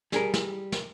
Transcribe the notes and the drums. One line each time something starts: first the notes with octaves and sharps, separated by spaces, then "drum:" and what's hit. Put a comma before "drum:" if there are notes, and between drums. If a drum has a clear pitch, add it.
G3 G#4 A#4, drum: snare
drum: snare
drum: snare